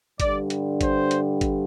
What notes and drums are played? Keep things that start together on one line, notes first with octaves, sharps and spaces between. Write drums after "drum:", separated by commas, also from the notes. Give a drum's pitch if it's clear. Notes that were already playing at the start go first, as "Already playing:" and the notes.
G2 D3 G3 D4 D5, drum: kick G#1, hi-hat
drum: hi-hat
C5, drum: kick G#1, hi-hat
drum: hi-hat
drum: kick G#1, hi-hat